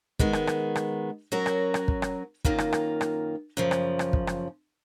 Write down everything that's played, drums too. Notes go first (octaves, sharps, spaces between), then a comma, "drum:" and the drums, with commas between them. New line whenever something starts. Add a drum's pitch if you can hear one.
D#3 G#3 B3, drum: kick
drum: rim click
drum: rim click
drum: rim click
F#3 C#4 F#4 A#4
drum: rim click
drum: rim click
drum: kick
drum: rim click
F#2 D#3 A#3 F4, drum: kick
drum: rim click
drum: rim click
drum: rim click
F#2 C#3 F3
drum: rim click
drum: rim click
drum: kick
drum: rim click